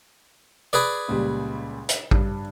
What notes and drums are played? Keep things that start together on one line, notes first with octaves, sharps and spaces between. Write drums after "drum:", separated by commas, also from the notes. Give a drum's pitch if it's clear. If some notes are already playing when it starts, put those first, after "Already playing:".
G#4 B4 D5
C#2 A#2 G3
drum: hi-hat
G2, drum: kick A1